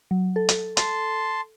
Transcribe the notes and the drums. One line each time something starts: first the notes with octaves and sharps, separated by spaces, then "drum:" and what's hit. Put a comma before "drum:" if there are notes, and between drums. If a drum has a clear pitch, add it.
F#3
A4
drum: hi-hat
A5 C6, drum: hi-hat